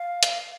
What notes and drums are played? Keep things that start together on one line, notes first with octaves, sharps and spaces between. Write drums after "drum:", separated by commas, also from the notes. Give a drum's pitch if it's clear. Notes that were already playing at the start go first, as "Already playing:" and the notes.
Already playing: F5
drum: hi-hat